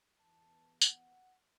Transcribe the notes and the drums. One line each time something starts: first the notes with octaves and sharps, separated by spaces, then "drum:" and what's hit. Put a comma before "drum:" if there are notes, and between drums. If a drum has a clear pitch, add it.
E2 E3 B3 A5
F#5, drum: tambourine